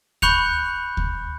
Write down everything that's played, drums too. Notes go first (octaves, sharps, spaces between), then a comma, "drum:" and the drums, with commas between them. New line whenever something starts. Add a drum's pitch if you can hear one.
B5 C#6 F#6 G6 C#7 F7, drum: kick D2
drum: kick D2